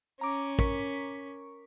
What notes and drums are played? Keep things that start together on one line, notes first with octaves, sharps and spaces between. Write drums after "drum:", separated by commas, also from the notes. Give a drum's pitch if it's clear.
C#4 A#5 D6
A#4 C#6 B6, drum: kick